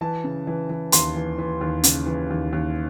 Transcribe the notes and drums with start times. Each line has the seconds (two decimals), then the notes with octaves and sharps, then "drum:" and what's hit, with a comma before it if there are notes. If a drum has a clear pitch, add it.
0.01 E3 A5
0.24 C#3
0.47 E3
0.69 E3
0.92 D#2 C6, drum: hi-hat
1.15 E3
1.38 E3
1.61 D#2
1.84 C#3, drum: hi-hat
2.06 E3
2.30 D#2
2.52 D#2